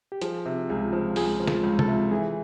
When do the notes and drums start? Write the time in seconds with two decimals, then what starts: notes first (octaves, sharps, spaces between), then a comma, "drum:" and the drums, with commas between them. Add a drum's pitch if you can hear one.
0.12 G4
0.21 F3 G#4, drum: hi-hat
0.46 C3
0.70 C#2 G#4
0.93 F3
1.16 C#2 G#4, drum: open hi-hat
1.40 F3
1.47 A4, drum: snare
1.63 C#2
1.79 A4, drum: tom C3
1.88 C3
2.11 E3 G#4